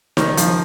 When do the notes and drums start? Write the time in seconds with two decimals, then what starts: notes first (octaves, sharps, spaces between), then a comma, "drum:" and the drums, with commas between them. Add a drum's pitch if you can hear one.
0.17 D#3, drum: snare D#4
0.37 F3, drum: hi-hat